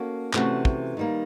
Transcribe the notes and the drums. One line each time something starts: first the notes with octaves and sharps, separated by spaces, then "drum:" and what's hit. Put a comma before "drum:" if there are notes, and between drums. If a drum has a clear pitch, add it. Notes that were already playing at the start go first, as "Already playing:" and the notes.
Already playing: A#3 C#4 F#4 A4
C3 E3 A3 C#4 F#4, drum: clap
drum: kick
D#3 G3 A#3